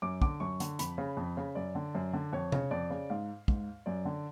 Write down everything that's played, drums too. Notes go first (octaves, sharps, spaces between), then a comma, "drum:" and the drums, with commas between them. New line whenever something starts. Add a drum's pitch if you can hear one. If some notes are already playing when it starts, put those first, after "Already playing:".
F#2 D6
D3 D6, drum: kick
F#2 C#6
D3, drum: hi-hat
F2 B5, drum: hi-hat
C#3
F2
C#3
F#2 D5
D3
F#2
D3
F2 C#5
C#3, drum: tom C3
F2 D5
C#3
G#2 F5
G#2, drum: kick
F#2 D5
D3